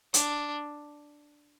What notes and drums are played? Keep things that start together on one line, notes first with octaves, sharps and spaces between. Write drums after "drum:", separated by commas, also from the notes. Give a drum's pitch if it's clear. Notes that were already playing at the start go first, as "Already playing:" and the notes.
D4, drum: hi-hat